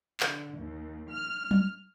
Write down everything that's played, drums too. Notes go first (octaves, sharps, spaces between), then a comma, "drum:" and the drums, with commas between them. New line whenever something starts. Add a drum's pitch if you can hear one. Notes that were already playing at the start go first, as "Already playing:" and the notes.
D3, drum: clap
D#2
F6
drum: tom F#3